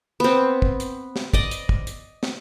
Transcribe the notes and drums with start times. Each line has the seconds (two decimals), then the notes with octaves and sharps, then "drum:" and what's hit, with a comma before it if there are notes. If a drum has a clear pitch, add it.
0.20 B3 C4
0.62 drum: kick
0.80 drum: hi-hat
1.16 drum: snare
1.34 D5 D#5, drum: kick
1.51 drum: hi-hat
1.69 drum: kick
1.87 drum: hi-hat
2.23 drum: snare